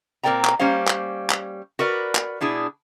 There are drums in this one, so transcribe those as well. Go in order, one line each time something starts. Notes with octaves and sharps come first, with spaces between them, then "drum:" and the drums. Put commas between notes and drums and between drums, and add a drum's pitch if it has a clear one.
A#2 C4 A#4 D5 G5 A#5
drum: clap
G3 A#3 C#4 C5 F5
drum: clap
drum: clap
F#4 A#4 B4 D5
drum: clap
B2 D4 E4 G#4